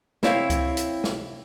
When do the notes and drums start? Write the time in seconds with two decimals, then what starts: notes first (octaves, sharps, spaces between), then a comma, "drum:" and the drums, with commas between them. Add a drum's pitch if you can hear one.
0.23 C4 E4 G4 C#5 F5, drum: snare
0.50 drum: kick C#2, hi-hat
0.77 drum: hi-hat
1.04 drum: snare